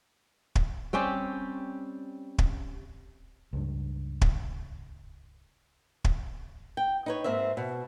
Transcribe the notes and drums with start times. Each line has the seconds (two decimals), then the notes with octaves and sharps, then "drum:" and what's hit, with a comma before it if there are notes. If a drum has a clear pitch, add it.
0.55 drum: kick
0.93 G3 C4 C#4 G4
2.38 drum: kick
3.53 C#2 G2
4.21 drum: kick
6.04 drum: kick
6.77 G5
7.06 D#4 B4 C#5
7.24 G#2 A#3 C4 E5
7.57 B2